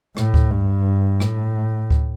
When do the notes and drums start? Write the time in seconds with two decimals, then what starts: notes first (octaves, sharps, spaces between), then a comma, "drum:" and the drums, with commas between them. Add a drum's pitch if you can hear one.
0.17 A2, drum: rim click
0.34 drum: kick D2
0.51 G2
1.20 A2, drum: rim click
1.90 drum: kick D2